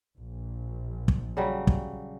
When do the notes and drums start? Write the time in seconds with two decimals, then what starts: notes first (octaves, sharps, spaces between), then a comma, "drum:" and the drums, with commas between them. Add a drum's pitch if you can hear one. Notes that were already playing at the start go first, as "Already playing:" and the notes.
0.16 A#1
1.08 drum: kick
1.37 C#3 F#3 G3
1.67 drum: kick